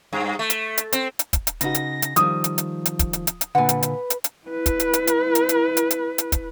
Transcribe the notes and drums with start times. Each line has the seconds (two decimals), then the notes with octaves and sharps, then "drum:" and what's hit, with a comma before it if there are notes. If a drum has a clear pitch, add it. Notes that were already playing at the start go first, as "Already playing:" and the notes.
0.13 G2
0.39 A3
0.50 drum: hi-hat
0.78 drum: hi-hat
0.93 C4, drum: hi-hat
1.19 drum: hi-hat
1.33 drum: kick, hi-hat
1.47 drum: hi-hat
1.61 C#3 D#4 F#4 B4 A#6, drum: hi-hat
1.75 drum: hi-hat
2.02 drum: hi-hat
2.16 D#3 F3 G3 D#6, drum: hi-hat
2.44 drum: hi-hat
2.58 drum: hi-hat
2.85 drum: hi-hat
2.99 drum: kick, hi-hat
3.13 drum: hi-hat
3.27 drum: hi-hat
3.41 drum: hi-hat
3.55 A#2 D3 B4 F#5 G#5
3.69 drum: hi-hat
3.83 drum: hi-hat
4.10 drum: hi-hat
4.24 drum: hi-hat
4.47 E4 B4
4.66 drum: kick, hi-hat
4.80 drum: hi-hat
4.93 drum: hi-hat
5.07 drum: hi-hat
5.35 drum: hi-hat
5.49 drum: hi-hat
5.77 drum: hi-hat
5.91 drum: hi-hat
6.18 drum: hi-hat
6.32 drum: kick, hi-hat